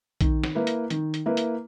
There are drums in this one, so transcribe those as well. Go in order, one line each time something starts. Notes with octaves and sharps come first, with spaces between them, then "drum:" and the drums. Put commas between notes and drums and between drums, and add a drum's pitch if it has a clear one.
D#3, drum: kick A#1, hi-hat
drum: snare D#3
A#3 E4 B4
drum: hi-hat
D#3, drum: hi-hat
drum: hi-hat
A#3 E4 B4
drum: hi-hat